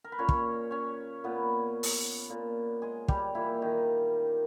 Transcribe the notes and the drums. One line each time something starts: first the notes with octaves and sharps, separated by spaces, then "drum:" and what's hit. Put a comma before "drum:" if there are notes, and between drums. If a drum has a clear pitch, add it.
A#4
B4
A#2 C#4 C#5
drum: kick
C#4 C#5
A#2 B3 B4
drum: open hi-hat
A#2
G#3 G#4
G3 G4, drum: kick
A#2 E3 E4
D#3 D#4